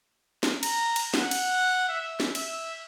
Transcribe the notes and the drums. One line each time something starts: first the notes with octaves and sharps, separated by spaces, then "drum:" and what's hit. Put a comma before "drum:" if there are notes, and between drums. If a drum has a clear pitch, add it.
drum: snare
A#5, drum: cymbal
drum: cymbal
F#5, drum: snare
drum: cymbal
E5
drum: snare
E5, drum: cymbal